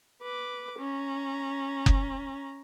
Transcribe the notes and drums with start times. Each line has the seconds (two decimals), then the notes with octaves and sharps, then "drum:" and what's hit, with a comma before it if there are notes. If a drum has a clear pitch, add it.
0.22 B4 D6
0.79 C#4 A#5
1.86 drum: kick F#1